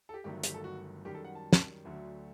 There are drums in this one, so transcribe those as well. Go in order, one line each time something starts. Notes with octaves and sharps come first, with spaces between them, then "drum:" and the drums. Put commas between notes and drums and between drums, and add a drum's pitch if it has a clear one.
A4
G4
G1 G2 D#3 F#3 A3 G4
G4, drum: hi-hat
A4
F#4
F#2 D#3 G3 G4
A4
F#5
A5
drum: snare
D2 D3 F#3 A3